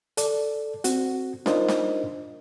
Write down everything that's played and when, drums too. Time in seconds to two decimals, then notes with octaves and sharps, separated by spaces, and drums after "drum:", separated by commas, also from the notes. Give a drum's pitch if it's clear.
0.17 A4 D5, drum: hi-hat
0.84 C4 F#4, drum: hi-hat
1.46 D4 D#4 F4 A#4 C5 D#5, drum: snare
1.68 drum: snare